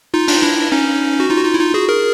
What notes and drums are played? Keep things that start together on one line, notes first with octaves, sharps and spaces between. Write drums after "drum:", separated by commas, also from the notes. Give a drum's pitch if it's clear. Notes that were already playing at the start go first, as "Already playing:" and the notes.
D#4 F4
D4, drum: open hi-hat
D#4
D4 E4
C#4 D#4
F#4
D#4 F4
F#4
D#4 F4
E4
D#4 F4
F#4 G#4
G#4 A#4